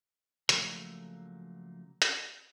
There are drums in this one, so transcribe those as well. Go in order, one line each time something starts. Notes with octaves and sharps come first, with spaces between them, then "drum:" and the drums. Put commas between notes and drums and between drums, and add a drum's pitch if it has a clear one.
C#3 F3 F#3 A3 A#3, drum: hi-hat
drum: hi-hat